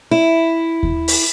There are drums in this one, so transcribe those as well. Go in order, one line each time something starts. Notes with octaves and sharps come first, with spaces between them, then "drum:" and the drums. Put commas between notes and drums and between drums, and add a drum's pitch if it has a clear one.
E4
drum: kick D#2
drum: open hi-hat